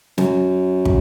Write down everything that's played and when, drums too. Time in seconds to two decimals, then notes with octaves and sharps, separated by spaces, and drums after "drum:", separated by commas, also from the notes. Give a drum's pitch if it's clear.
0.18 F#2, drum: snare
0.85 drum: kick